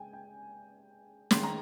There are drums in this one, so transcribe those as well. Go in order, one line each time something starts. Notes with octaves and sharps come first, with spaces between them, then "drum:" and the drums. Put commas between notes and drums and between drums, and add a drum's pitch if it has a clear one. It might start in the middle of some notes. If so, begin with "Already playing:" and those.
Already playing: C#3 G#3 G5 G#5
G5
D#3 G#3 C#4 C6, drum: snare
A#5